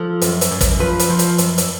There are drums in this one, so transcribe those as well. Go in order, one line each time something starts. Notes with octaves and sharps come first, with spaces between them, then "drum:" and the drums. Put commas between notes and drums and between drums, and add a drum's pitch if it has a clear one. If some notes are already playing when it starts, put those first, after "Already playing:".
Already playing: F3 A4
F#2, drum: hi-hat
drum: hi-hat
F#2
drum: kick, hi-hat
F3 B4
drum: hi-hat
F3
drum: hi-hat
F#2, drum: hi-hat
drum: hi-hat